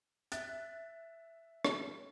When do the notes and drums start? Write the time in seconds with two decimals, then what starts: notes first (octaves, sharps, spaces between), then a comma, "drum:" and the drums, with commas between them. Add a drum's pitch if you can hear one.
0.32 E5 F#6 A6, drum: hi-hat
1.65 drum: rim click